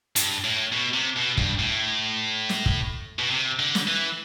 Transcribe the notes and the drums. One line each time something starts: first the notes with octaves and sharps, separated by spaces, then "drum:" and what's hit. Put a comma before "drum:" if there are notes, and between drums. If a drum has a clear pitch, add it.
G2, drum: hi-hat
A2
B2
C3
B2
G2, drum: kick
A2
drum: snare
drum: kick
B2
C3
D3
drum: snare
E3